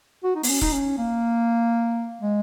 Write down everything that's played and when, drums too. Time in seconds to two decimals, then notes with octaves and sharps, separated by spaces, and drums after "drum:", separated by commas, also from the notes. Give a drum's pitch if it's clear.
0.23 F#4
0.36 D#4
0.43 B3, drum: open hi-hat
0.49 C#4
0.61 D#4, drum: kick E1
0.73 C#4
0.98 A#3
2.21 G#3